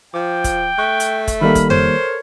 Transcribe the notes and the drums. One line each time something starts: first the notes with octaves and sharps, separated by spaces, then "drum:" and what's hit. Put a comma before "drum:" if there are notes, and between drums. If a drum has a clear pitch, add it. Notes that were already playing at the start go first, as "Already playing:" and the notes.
F3 G5 D6
drum: kick, hi-hat
A3 C#6 F#6
drum: hi-hat
drum: kick, hi-hat
D#3 G3 A#3 A4 A#4 B5
drum: kick, hi-hat
C5 C#5, drum: tom F2